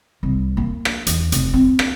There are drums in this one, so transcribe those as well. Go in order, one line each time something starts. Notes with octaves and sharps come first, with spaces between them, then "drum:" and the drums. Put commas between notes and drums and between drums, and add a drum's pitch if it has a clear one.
C2
A#3
drum: rim click
E2, drum: hi-hat
F1, drum: hi-hat
C4
drum: rim click